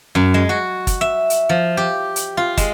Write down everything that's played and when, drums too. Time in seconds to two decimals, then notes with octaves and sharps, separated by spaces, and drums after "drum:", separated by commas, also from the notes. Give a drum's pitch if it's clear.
0.15 F#2
0.34 G#3
0.49 F#4
0.87 drum: kick, hi-hat
1.01 E5
1.30 drum: hi-hat
1.49 F3
1.77 G4
2.16 drum: hi-hat
2.37 F4
2.57 G#3, drum: kick, hi-hat